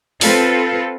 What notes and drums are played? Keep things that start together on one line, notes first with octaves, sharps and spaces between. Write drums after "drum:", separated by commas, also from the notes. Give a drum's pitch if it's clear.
C4 F4 A4 B4, drum: open hi-hat